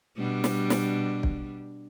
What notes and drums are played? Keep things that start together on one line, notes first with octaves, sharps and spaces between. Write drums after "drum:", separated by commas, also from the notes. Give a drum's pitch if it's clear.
B2 G3 D4
drum: snare
drum: snare
drum: kick